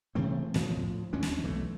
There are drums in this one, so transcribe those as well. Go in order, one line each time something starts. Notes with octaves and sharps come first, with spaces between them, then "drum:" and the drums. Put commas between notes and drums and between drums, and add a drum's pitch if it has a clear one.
C3 E3 A3 C4
D2 A2 F3, drum: snare
drum: kick
D#2 G#3 C#4 D4
drum: snare
B1 E3 A3, drum: kick